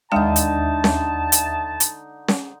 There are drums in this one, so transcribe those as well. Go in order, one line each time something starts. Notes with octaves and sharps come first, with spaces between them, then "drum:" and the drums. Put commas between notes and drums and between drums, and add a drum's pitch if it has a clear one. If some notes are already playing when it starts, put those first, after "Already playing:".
D#2 D3 G#3 D#4 E5 G5 A5 D#6
drum: hi-hat
drum: snare C#4
drum: hi-hat
drum: hi-hat
drum: snare C#4